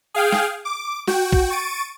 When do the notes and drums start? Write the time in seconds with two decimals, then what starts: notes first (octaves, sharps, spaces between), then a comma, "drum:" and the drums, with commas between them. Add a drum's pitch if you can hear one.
0.14 G#4 F5 G5
0.32 drum: snare
0.65 D6
1.07 F#4 G5, drum: snare
1.32 drum: kick
1.50 C#6 A6 D7 D#7